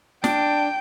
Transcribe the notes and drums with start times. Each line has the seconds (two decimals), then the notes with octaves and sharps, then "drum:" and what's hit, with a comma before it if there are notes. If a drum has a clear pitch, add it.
0.24 D4 G5, drum: snare